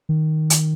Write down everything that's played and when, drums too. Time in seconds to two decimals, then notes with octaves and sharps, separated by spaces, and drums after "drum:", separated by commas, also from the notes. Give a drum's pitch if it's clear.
0.09 D#3
0.50 drum: hi-hat